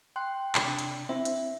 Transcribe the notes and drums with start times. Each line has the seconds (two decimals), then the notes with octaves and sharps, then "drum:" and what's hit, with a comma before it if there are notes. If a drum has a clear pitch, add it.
0.16 G5 C6 F#6
0.55 C3 D4, drum: clap
0.79 drum: hi-hat
1.09 C4 E4 E5
1.25 drum: hi-hat